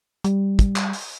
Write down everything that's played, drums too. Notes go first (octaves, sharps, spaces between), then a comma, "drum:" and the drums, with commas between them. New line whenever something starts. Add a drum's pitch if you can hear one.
G3, drum: hi-hat
drum: kick, hi-hat
drum: clap
drum: open hi-hat